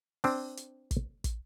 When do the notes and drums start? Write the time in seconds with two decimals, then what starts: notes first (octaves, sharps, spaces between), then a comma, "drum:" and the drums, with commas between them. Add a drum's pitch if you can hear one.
0.24 C4 D4, drum: open hi-hat
0.57 drum: hi-hat
0.91 drum: kick, hi-hat
1.24 drum: kick, hi-hat